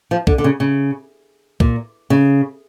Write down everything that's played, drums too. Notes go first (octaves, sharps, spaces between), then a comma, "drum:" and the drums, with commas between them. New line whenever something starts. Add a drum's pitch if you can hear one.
F3
D3, drum: kick
D3
C#3
C#3
A#2, drum: kick
C#3